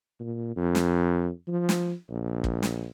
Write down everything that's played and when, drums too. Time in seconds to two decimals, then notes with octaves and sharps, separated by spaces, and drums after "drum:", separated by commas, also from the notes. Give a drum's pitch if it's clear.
0.20 A#2
0.56 F2
0.75 drum: snare
1.48 F3
1.69 drum: snare
2.10 A#1
2.44 drum: kick
2.63 drum: snare